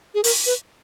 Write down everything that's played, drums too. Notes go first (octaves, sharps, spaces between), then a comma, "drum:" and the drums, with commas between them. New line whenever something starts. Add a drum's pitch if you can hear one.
G#4
A#4, drum: open hi-hat
B4